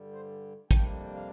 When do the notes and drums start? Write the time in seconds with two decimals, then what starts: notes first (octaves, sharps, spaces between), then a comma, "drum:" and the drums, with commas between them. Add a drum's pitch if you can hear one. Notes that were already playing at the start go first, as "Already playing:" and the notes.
Already playing: G2 D3 G3
0.12 C5
0.71 F2 C3 G3 A#3 D4 G5, drum: kick, hi-hat
1.15 F5